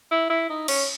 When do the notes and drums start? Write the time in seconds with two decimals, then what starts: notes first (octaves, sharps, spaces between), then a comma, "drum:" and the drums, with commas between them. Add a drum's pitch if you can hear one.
0.12 E4
0.30 E4
0.50 D#4
0.68 C#4, drum: cymbal